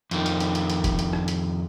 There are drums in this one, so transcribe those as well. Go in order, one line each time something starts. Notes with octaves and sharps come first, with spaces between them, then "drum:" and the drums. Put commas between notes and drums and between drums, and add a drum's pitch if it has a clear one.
F2 D#3, drum: hi-hat
drum: hi-hat
drum: hi-hat
drum: hi-hat
drum: hi-hat
drum: kick F1, hi-hat
drum: hi-hat
drum: rim click
drum: hi-hat